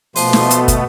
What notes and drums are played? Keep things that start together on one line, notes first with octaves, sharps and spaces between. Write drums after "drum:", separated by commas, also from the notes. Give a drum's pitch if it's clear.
B2 F3 A3 B3 C6, drum: open hi-hat
drum: snare
drum: hi-hat
drum: kick, hi-hat